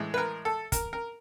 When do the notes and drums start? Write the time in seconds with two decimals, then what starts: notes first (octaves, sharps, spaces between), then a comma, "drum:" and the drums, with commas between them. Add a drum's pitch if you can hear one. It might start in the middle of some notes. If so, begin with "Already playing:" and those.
Already playing: A2 E3 G#3
0.14 B4
0.18 A#4
0.45 A4
0.72 A#4, drum: kick, hi-hat
0.93 A#4